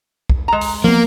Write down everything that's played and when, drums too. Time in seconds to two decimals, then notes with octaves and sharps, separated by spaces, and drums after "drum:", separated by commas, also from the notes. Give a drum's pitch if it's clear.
0.30 drum: kick
0.48 G#3 A#5
0.61 drum: open hi-hat
0.84 F3 A#3 B3